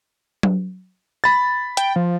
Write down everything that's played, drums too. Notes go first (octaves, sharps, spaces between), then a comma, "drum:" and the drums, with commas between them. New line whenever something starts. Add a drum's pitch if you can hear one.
drum: tom F#3
B5 A6
G5, drum: hi-hat
F3